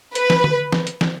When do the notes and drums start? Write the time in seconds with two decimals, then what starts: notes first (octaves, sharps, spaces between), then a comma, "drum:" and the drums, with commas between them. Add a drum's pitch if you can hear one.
0.15 B4, drum: hi-hat
0.30 drum: snare
0.44 drum: tom D3
0.72 drum: snare
0.87 drum: hi-hat
1.01 drum: snare